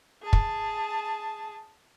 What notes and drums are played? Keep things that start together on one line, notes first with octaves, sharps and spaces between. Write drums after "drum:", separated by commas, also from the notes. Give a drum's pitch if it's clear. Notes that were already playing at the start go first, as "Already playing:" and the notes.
G#4 A5
drum: kick